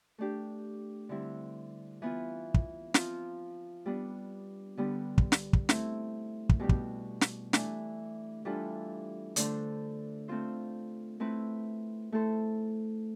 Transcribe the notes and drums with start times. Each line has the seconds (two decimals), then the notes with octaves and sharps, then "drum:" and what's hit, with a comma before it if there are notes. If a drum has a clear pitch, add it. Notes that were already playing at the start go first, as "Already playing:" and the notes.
0.18 A3 D4 G4
1.09 D3 G3 C4 E4
2.02 E3 B3 F4
2.54 drum: kick
2.94 F3 C4 F4, drum: snare
3.86 G3 B3 D4
4.77 D3 G3 B3
5.18 drum: kick
5.32 drum: snare
5.53 drum: kick
5.69 A3 C4 E4, drum: snare
6.49 drum: kick
6.59 B2 G3 D4 G4
6.69 drum: kick
7.21 drum: snare
7.53 E3 A3 D4, drum: snare
8.45 E3 G3 D4 F4 A4
9.36 D3 A3 D4 A4 C5, drum: hi-hat
10.28 A3 C4 F4 C5
11.20 A3 C4 E4 B4
12.12 A3 E4 A4 C5